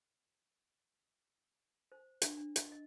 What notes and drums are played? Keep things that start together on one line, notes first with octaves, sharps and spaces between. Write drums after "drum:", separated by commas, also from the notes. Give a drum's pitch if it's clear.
C5
D4, drum: hi-hat
D4
D#5, drum: hi-hat
D#5